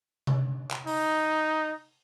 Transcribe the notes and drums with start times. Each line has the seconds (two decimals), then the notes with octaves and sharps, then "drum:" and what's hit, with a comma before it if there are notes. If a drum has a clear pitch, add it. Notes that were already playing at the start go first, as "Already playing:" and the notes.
0.27 drum: tom C3
0.71 drum: clap
0.87 D#4, drum: open hi-hat